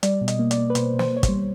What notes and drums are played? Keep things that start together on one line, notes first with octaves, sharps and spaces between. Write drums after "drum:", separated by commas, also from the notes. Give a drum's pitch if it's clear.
G3 D5, drum: hi-hat
B2
D#5, drum: hi-hat
A#3
D5, drum: hi-hat
A#3
B4
B2 C5, drum: hi-hat
B2
C5, drum: snare
B2
C#5
C5, drum: kick, hi-hat
G3